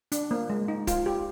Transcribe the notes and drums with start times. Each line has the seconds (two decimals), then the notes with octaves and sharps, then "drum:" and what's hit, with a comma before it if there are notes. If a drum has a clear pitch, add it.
0.12 D4, drum: hi-hat
0.31 A#3
0.50 G#3
0.68 D#4
0.87 F4, drum: kick, hi-hat
1.06 G4